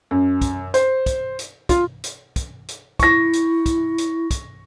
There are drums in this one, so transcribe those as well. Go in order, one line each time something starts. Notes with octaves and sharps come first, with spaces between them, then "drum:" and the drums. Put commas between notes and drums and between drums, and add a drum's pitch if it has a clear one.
F#2
drum: kick, hi-hat
C5, drum: hi-hat
drum: kick, hi-hat
drum: hi-hat
F4, drum: kick, hi-hat
drum: hi-hat
drum: kick, hi-hat
drum: hi-hat
E4 C#6 A#6, drum: kick, hi-hat
drum: hi-hat
drum: kick, hi-hat
drum: hi-hat
drum: kick, hi-hat